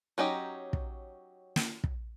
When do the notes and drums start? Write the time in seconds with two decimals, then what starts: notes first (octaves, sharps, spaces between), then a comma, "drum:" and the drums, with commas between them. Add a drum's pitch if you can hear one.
0.18 F#3 C#4 D#4 G4
0.73 drum: kick
1.56 drum: snare
1.84 drum: kick